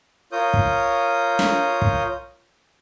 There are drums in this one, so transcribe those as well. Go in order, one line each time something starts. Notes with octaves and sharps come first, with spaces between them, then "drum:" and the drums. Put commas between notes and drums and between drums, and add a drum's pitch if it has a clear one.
F4 A#4 C#5 D#6 G6
drum: kick
drum: snare
drum: kick